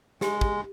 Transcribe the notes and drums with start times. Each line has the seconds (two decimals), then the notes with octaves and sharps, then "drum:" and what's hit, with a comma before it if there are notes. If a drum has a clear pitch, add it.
0.21 G#3 G4, drum: snare
0.41 drum: kick